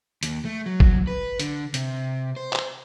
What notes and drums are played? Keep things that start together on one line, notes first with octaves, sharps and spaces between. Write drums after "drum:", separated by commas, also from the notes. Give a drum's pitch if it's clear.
D#2, drum: hi-hat
A3
F#3
drum: kick
B4
D3, drum: hi-hat
C3, drum: hi-hat
C5
drum: clap